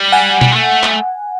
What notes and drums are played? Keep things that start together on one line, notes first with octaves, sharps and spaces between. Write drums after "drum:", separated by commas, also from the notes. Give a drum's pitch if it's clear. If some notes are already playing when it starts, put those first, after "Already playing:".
Already playing: G3
F#5 G#5
G3, drum: tom B2
G#3
A3
drum: clap